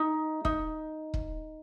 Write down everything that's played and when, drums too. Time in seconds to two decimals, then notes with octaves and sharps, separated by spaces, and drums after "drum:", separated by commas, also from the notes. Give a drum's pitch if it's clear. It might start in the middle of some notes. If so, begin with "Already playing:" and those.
Already playing: D#4
0.45 D#4, drum: kick
1.14 drum: kick